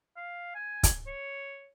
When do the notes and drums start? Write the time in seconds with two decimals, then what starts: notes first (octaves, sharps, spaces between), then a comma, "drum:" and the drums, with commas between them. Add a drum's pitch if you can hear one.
0.16 F5
0.55 G#5
0.83 drum: kick, hi-hat
1.07 C#5